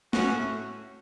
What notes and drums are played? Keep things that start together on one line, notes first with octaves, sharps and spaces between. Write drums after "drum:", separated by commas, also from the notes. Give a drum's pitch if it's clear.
A2 C#4 F#4, drum: snare
A3